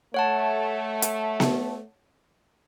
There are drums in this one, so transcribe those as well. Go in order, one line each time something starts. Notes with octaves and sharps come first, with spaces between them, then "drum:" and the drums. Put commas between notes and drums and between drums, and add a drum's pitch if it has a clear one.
A3 C#5 F#5 A5
drum: hi-hat
drum: snare B3